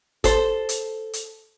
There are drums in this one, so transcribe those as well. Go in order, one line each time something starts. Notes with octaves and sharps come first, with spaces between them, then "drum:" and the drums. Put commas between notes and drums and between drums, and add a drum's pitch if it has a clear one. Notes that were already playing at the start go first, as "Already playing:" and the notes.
A4 C5, drum: kick, hi-hat
drum: hi-hat
drum: hi-hat